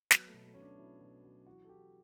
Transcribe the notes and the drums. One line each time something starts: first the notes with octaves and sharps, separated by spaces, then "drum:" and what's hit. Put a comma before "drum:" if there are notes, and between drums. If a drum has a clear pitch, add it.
F#3 B3, drum: snare
A3
B2
A3
B2 C#4
D4
B2 E4
B2
F#3
E3 F#4
A4
E3 G4